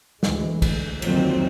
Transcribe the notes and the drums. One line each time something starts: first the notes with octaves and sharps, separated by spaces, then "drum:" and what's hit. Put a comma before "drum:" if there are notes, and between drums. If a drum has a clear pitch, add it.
D2 E3 G#3, drum: snare
D2, drum: kick, cymbal
F#1 D2 D#3 F3 F#3 C4, drum: cymbal